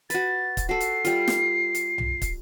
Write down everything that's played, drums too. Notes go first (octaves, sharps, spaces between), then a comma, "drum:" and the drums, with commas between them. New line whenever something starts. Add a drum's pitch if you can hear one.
F#4 B4 A6, drum: hi-hat
drum: kick, hi-hat
F#4 A4 C7
drum: hi-hat
G3 F4, drum: hi-hat
drum: snare
drum: hi-hat
drum: tom B1
drum: kick, hi-hat